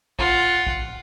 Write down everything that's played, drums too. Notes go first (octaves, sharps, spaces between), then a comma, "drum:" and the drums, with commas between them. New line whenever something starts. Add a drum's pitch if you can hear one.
F4 F#5, drum: kick A1
drum: kick A1